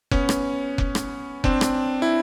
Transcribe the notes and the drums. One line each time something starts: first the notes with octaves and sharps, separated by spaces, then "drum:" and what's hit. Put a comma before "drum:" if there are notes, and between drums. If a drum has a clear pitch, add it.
B3 C#4, drum: kick F1
drum: rim click
drum: kick F1
drum: rim click
C4 D4, drum: kick F1
drum: rim click
E4